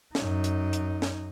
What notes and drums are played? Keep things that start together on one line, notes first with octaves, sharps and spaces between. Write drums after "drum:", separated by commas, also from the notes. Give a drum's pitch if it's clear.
F#2 D#4, drum: snare
drum: hi-hat
drum: hi-hat
drum: snare